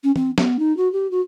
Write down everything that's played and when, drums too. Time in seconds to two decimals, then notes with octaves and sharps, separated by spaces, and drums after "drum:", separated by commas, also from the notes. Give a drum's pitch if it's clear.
0.03 C#4
0.16 C4, drum: tom
0.38 B3, drum: snare
0.59 D#4
0.77 F#4
0.92 G4
1.11 F#4